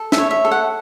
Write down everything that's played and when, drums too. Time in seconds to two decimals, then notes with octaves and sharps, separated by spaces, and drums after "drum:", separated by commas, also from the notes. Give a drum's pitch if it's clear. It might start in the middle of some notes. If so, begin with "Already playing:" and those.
Already playing: A4
0.12 E5, drum: snare
0.18 C#5
0.31 E5
0.45 A4
0.51 F#5